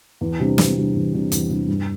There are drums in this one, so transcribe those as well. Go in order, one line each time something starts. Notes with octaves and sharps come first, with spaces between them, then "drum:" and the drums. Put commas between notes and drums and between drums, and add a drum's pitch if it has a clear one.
E2
C3 G3 D4
E2, drum: snare
C3 G3 D4
E2
C3 G3 D4
E2, drum: hi-hat
C3 G3 D4
G2